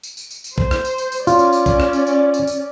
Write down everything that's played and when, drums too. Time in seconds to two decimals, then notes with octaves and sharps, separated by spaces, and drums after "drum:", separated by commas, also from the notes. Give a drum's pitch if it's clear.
0.03 drum: tambourine
0.17 drum: tambourine
0.31 drum: tambourine
0.44 drum: tambourine
0.58 C5, drum: kick B1
0.71 drum: rim click
0.85 drum: tambourine
0.98 drum: tambourine
1.12 drum: tambourine
1.27 C#4 F4 D5, drum: tambourine
1.39 drum: tambourine
1.53 drum: tambourine
1.66 drum: kick B1, tambourine
1.80 drum: rim click
1.93 drum: tambourine
2.07 drum: tambourine
2.34 drum: tambourine
2.47 drum: tambourine